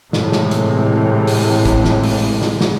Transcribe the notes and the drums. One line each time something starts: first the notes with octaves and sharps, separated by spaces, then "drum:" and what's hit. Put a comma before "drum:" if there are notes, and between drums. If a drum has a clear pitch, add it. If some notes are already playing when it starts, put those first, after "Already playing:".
A2 C3 E3 G#3, drum: snare
drum: snare
drum: hi-hat
drum: open hi-hat
drum: kick, hi-hat
drum: snare
drum: open hi-hat
drum: snare
drum: snare